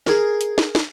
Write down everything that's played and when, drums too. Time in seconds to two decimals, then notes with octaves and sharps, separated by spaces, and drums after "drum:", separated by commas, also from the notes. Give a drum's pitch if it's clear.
0.06 G#4 A#4 F5, drum: snare
0.41 drum: hi-hat
0.58 drum: snare
0.75 drum: snare